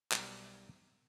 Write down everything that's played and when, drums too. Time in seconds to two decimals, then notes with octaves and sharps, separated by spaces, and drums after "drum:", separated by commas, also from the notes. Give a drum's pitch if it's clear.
0.12 B1 G3 G4 A#4 E5 F#5, drum: clap